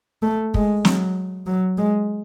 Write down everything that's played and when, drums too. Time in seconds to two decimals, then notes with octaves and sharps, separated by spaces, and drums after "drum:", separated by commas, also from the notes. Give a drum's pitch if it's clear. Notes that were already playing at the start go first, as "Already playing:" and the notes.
0.23 A3
0.54 G#3, drum: kick
0.85 F#3, drum: snare
1.47 F#3
1.78 G#3